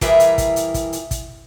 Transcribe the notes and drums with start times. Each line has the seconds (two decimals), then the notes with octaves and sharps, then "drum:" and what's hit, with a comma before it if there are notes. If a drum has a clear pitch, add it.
0.01 E3 G3 E4 G#4 A#4 E5, drum: kick, hi-hat
0.20 drum: hi-hat
0.38 drum: kick, hi-hat
0.56 drum: hi-hat
0.74 drum: kick, hi-hat
0.93 drum: hi-hat
1.11 drum: kick, hi-hat